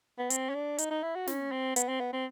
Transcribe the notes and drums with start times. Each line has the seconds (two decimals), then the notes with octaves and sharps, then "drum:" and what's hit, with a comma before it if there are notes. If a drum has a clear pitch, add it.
0.18 B3
0.30 C4, drum: hi-hat
0.50 C#4
0.55 D4
0.78 D#4, drum: hi-hat
0.91 D#4
1.03 E4
1.15 F#4
1.27 C#4, drum: snare
1.52 C4
1.76 B3, drum: hi-hat
1.88 C4
2.00 B3
2.13 C4